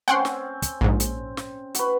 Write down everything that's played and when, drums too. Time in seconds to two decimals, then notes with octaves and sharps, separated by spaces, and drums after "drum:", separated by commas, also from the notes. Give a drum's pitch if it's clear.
0.08 C4 C#4 F#5 G5 C6
0.25 drum: snare
0.62 drum: kick, hi-hat
0.81 A#1 G#2
1.00 drum: hi-hat
1.37 drum: snare
1.74 F#4 B4, drum: hi-hat